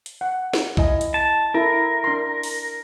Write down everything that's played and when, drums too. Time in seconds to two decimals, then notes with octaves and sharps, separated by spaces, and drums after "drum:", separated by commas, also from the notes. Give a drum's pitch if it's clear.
0.06 drum: hi-hat
0.21 F#5
0.53 drum: snare
0.77 E4 D#5 G#5, drum: kick B1
1.01 drum: hi-hat
1.14 A5
1.54 E4 A4 A#4
2.04 D4 C6
2.43 drum: open hi-hat